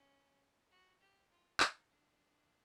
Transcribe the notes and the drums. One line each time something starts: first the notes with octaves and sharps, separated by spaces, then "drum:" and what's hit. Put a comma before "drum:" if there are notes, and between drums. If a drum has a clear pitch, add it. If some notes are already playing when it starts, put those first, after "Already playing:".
Already playing: C#4
F#4
G4
F4
D#4, drum: clap
D4